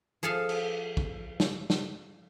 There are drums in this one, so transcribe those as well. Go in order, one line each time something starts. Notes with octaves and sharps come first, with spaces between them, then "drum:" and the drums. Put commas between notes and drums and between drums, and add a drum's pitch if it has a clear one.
F3 G#4 A4 E5 F5
drum: cymbal
drum: kick
drum: snare
drum: snare